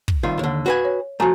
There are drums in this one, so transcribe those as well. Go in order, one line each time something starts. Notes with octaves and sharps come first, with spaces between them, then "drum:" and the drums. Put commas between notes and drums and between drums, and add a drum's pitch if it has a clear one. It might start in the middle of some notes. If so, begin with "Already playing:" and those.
drum: kick
C2 D#3 F4
D#2 D3
F#4 B4 G#5
C#5
F3 A3 F#4 G#5 A#5